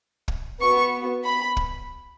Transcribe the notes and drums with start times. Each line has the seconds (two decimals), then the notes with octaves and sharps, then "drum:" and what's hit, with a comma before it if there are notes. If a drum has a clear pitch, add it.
0.28 drum: kick
0.59 B3 F#4 C#6
1.24 B5
1.57 drum: kick